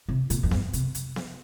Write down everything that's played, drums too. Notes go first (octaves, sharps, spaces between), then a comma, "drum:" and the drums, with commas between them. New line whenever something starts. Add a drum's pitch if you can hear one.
C3
A#2, drum: hi-hat
F2
G2, drum: snare B3
C3, drum: hi-hat
drum: hi-hat
drum: snare B3